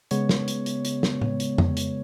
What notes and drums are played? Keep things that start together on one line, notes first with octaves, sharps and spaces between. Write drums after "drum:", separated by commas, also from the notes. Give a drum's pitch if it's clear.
C#3 G#3 B3 C#5, drum: hi-hat
drum: snare
drum: hi-hat
drum: hi-hat
drum: hi-hat
drum: snare
drum: tom A2
drum: hi-hat
drum: tom F2
drum: hi-hat